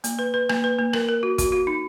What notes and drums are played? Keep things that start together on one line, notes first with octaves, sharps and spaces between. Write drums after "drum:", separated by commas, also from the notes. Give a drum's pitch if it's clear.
A#3, drum: hi-hat
B4
B4
A#3, drum: rim click
B4
A#3
A#4, drum: rim click
A#4
F#4
F#4, drum: kick, hi-hat
F#4
D#4